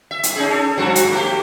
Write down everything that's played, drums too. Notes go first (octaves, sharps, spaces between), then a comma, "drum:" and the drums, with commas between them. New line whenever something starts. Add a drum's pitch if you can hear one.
E5
drum: hi-hat
C#4 D#4 G#4
A4
G2 F3 F#4
drum: hi-hat
A3 G4